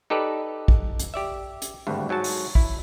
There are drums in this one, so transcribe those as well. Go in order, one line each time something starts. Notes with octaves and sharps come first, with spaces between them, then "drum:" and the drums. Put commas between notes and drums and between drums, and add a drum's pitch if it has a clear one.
D#4 G4 A4 B4 D5
drum: kick
drum: hi-hat
G4 D5 E5
drum: hi-hat
G#1 D2 G2
G#2 F#3 F#4 A5
drum: open hi-hat
E4, drum: kick